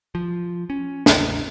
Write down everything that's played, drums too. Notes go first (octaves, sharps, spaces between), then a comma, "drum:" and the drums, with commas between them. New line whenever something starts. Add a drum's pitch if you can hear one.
F3
C#4
A1 E2 C#3 D4, drum: snare